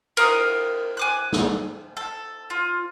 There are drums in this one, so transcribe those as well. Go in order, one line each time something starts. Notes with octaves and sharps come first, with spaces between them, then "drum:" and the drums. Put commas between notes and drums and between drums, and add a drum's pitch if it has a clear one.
A#4 F5 A#5 D#6, drum: cymbal
G#5 D6 F#6
drum: snare
A4
F4